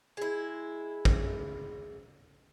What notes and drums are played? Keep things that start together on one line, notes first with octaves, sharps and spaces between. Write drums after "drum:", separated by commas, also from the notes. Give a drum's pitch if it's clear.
G#3 E4
drum: kick A1